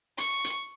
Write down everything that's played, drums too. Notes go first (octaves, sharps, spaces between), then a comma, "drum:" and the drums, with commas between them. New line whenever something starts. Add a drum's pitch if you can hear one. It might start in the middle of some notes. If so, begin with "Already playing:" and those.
C#6, drum: hi-hat
drum: hi-hat